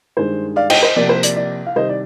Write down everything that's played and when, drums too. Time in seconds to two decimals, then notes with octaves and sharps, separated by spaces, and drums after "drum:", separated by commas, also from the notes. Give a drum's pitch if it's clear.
0.17 G2 D#3 G#3 C5
0.56 D5 F5
0.70 D#5 G5, drum: cymbal
0.83 C5 D#5
0.96 C3 F3 A#3 D5
1.09 C5
1.23 D5, drum: hi-hat
1.36 D5
1.66 F5
1.76 C3 D#3 G3 C5 D#5
1.89 D5